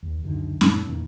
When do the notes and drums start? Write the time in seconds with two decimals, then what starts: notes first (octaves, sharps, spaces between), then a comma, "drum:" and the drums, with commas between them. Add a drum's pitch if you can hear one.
0.03 D#2
0.23 C#2 F#2 D3 D#3
0.61 F#2 A#2 B3, drum: snare C#4
0.88 E2 A#2 D#3 E3